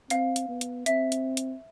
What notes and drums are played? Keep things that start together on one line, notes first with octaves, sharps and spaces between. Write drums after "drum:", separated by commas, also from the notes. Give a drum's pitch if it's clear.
C4 F5, drum: hi-hat
drum: hi-hat
B3
drum: hi-hat
C4 E5, drum: hi-hat
drum: hi-hat
drum: hi-hat